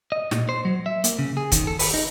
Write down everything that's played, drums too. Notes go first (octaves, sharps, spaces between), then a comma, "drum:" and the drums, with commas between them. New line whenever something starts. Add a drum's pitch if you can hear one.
D#5
A#2, drum: snare
C5
F#3
E5
A#3, drum: hi-hat
C#3
G#4
D#3, drum: kick, hi-hat
A4
B4, drum: open hi-hat
D#4